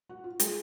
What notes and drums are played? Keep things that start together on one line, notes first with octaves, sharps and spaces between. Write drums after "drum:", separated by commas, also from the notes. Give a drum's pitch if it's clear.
F#4
F4
G#3, drum: hi-hat